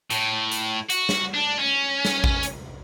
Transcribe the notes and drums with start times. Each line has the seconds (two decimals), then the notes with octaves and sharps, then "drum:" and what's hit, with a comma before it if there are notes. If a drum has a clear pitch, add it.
0.10 A2, drum: hi-hat
0.52 drum: hi-hat
0.90 F#4, drum: hi-hat
1.09 drum: snare
1.34 D4
1.59 C#4
2.05 drum: snare
2.24 drum: kick A1
2.43 drum: hi-hat